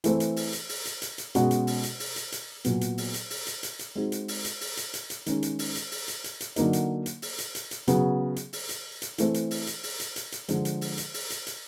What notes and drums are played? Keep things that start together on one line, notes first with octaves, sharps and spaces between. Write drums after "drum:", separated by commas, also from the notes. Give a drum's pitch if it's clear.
E3 A3 C4, drum: hi-hat
drum: hi-hat
drum: open hi-hat
drum: hi-hat
drum: open hi-hat
drum: hi-hat
drum: hi-hat
drum: hi-hat
B2 G#3 C#4 F#4, drum: hi-hat
drum: hi-hat
drum: open hi-hat
drum: hi-hat
drum: open hi-hat
drum: hi-hat
drum: hi-hat
A#2 F#3 B3, drum: hi-hat
drum: hi-hat
drum: open hi-hat
drum: hi-hat
drum: open hi-hat
drum: hi-hat
drum: hi-hat
drum: hi-hat
G#3 C4 D#4 F#4
drum: hi-hat
drum: open hi-hat
drum: hi-hat
drum: open hi-hat
drum: hi-hat
drum: hi-hat
drum: hi-hat
D#3 G#3 C#4, drum: hi-hat
drum: hi-hat
drum: open hi-hat
drum: hi-hat
drum: open hi-hat
drum: hi-hat
drum: hi-hat
drum: hi-hat
D3 F#3 A#3 D#4, drum: hi-hat
drum: hi-hat
drum: hi-hat
drum: open hi-hat
drum: hi-hat
drum: hi-hat
drum: hi-hat
C#3 F#3 B3, drum: hi-hat
drum: hi-hat
drum: open hi-hat
drum: hi-hat
drum: hi-hat
E3 A3 C4, drum: hi-hat
drum: hi-hat
drum: open hi-hat
drum: hi-hat
drum: open hi-hat
drum: hi-hat
drum: hi-hat
drum: hi-hat
D3 F3 G#3, drum: hi-hat
drum: hi-hat
drum: open hi-hat
drum: hi-hat
drum: open hi-hat
drum: hi-hat
drum: hi-hat